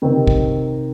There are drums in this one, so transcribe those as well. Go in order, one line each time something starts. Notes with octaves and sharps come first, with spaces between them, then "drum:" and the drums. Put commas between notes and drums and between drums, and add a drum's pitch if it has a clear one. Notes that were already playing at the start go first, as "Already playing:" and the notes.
C3 D#3 C4
drum: kick